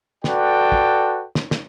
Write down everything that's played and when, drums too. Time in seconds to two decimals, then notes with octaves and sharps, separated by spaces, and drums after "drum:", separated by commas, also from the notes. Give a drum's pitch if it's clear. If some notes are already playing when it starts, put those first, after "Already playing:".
0.24 F#4 A4 B4 D5 G5, drum: snare
0.72 drum: kick
1.35 drum: snare
1.51 drum: snare